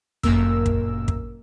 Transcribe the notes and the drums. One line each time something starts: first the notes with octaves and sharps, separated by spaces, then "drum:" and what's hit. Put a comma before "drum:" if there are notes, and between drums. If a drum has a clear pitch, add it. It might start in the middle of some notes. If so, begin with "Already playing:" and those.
G1 F#2 A#2 A#3 A#4 E6, drum: kick
drum: kick
drum: kick